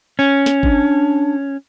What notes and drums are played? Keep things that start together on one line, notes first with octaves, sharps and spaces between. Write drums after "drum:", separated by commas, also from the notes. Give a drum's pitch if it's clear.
C#4
drum: snare
D4, drum: kick